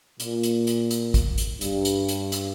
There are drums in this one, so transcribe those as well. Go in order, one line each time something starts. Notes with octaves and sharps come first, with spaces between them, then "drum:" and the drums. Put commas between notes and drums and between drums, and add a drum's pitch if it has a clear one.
A#2, drum: hi-hat
drum: hi-hat
drum: hi-hat
drum: hi-hat
drum: kick, hi-hat
drum: hi-hat
G2, drum: hi-hat
drum: hi-hat
drum: hi-hat
drum: hi-hat